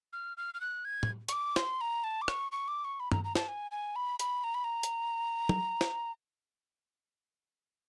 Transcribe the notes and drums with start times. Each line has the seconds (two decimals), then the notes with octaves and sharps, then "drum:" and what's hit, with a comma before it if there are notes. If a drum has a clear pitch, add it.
0.13 F6
0.37 F6
0.54 F6
0.61 F#6
0.85 G#6
1.03 drum: tom
1.28 C#6, drum: hi-hat
1.32 D6
1.56 C6, drum: snare
1.81 A#5
2.04 A5
2.22 D6
2.28 C#6, drum: rim click
2.52 C#6
2.68 D6
2.84 C#6
3.00 B5
3.12 A#5, drum: tom G2
3.24 A#5
3.35 A5, drum: snare
3.48 G#5
3.71 G#5
3.96 B5
4.19 B5, drum: hi-hat
4.44 A#5
4.54 B5
4.64 A#5
4.83 drum: hi-hat
5.49 drum: tom
5.81 drum: snare